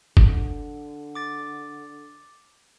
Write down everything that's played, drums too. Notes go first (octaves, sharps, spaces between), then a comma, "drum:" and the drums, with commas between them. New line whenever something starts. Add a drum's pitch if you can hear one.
D3, drum: kick G1
D6 A6